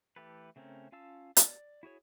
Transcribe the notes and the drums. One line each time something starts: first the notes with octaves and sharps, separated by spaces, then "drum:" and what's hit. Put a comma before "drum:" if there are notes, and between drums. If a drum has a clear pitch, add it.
E3 A3 G4 A4 B4
C#3 A3 C4 C#4 A#4
C#4 F4 F5 A5 E6
D5, drum: hi-hat
E4 F#4 G#4 C#5